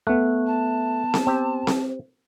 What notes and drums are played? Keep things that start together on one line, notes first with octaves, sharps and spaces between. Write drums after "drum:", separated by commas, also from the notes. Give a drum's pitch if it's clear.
A3 B3 F#6
A5
drum: snare C4
C4 G4
drum: snare C4